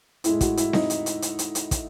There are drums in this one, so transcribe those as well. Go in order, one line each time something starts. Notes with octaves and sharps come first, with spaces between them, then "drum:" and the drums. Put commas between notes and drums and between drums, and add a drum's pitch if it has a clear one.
A2 G#3 E4, drum: hi-hat
F#4, drum: kick, hi-hat
E4, drum: hi-hat
D#4, drum: snare C4
drum: hi-hat
drum: hi-hat
drum: hi-hat
drum: hi-hat
drum: hi-hat
drum: kick, hi-hat